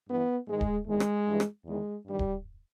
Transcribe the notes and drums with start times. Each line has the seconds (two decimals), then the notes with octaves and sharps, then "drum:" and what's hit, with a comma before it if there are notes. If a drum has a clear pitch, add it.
0.08 G2 E3 B3
0.48 G#2 D#3 G#3
0.61 drum: kick D1
0.87 E2 D#3 G#3
1.00 drum: rim click
1.27 G2 E3
1.40 drum: rim click
1.66 E2 D#3 G#3
2.05 G2 D#3 G3
2.19 drum: kick D1